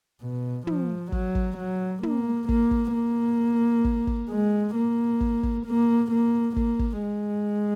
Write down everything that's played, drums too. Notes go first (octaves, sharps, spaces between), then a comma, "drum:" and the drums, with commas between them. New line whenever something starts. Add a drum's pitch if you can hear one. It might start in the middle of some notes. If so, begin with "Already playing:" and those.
B2
F3, drum: tom
F#3, drum: kick
drum: kick
F#3
A#3, drum: tom
A#3, drum: kick
drum: kick
A#3
drum: kick
drum: kick
G#3
A#3
drum: kick
drum: kick
A#3
A#3
A#3, drum: kick
drum: kick
G#3